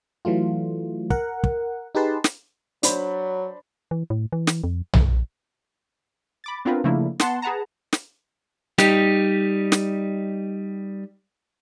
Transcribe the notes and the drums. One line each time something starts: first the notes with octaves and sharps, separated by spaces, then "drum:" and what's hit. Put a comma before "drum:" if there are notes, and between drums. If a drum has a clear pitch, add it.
E3 F#3 A3 F4
A#4 F#5, drum: kick
drum: kick
D#4 G4 G#4 B4 A5 C6
drum: snare
F#3 D4 C5 B5, drum: hi-hat
E3
A2
E3
drum: snare
F2
A#1, drum: tom B1
B5 D6 A6
B3 C4 D4 F4 A#4 B4
C#3 F3 A3 A#3 D4 E4
B3 F#5 A5 C6, drum: snare
G#4 B4 F#5 A5 A#5
drum: snare
G3 D#4 G4, drum: snare
drum: snare